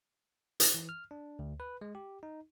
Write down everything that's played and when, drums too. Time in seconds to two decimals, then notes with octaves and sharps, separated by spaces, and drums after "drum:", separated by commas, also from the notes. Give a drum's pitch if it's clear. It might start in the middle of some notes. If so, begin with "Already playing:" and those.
0.60 drum: hi-hat
0.74 E3
0.89 F6
1.11 D4
1.39 D2
1.60 B4
1.81 G#3
1.95 G4
2.23 D#4